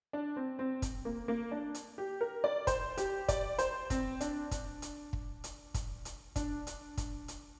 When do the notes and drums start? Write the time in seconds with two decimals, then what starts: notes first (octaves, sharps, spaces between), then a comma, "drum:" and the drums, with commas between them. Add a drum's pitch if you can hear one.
0.13 D4
0.36 C4
0.59 C4
0.82 drum: kick, hi-hat
1.05 A#3
1.28 A#3
1.51 D4
1.75 drum: hi-hat
1.98 G4
2.21 A#4
2.44 D5
2.67 C5, drum: kick, hi-hat
2.97 G4, drum: hi-hat
3.28 D5, drum: kick, hi-hat
3.58 C5, drum: hi-hat
3.90 C4, drum: kick, hi-hat
4.21 D4, drum: hi-hat
4.51 drum: kick, hi-hat
4.82 drum: hi-hat
5.13 drum: kick
5.44 drum: hi-hat
5.74 drum: kick, hi-hat
6.05 drum: hi-hat
6.36 D4, drum: kick, hi-hat
6.67 drum: hi-hat
6.97 drum: kick, hi-hat
7.28 drum: hi-hat